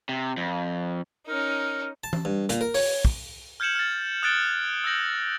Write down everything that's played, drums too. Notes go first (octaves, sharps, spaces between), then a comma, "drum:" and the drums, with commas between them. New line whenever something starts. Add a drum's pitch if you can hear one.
C3
F2
C#4 D#4 A#4
A5
drum: tom E3
G2
A#2, drum: hi-hat
A#4
C#5, drum: open hi-hat
drum: kick
F6 G6 G#6 C#7 E7 F#7
F6 A6
D#6 F#6 G6 A6 D7 G7
E6 G6 A#6 F#7